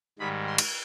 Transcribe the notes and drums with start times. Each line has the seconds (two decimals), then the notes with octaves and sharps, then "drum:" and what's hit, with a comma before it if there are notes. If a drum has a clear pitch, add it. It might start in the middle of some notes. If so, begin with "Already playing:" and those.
0.19 G#2 D#3 G3 B5
0.47 C6
0.58 drum: cymbal